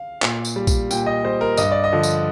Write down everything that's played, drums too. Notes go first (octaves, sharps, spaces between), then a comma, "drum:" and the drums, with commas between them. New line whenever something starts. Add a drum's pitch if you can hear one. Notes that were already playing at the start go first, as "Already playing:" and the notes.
Already playing: F5
A#2, drum: clap
drum: tambourine
G3
drum: kick A#1, tambourine
A#2 G5, drum: tambourine
D#5
G3 C5
A#4
G2 D#5, drum: tambourine
D5
D#5
D3 F3
drum: tambourine